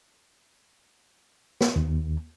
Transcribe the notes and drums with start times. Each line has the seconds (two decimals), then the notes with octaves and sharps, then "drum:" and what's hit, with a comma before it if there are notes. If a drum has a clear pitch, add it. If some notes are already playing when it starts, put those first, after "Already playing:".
1.61 drum: snare
1.76 D#2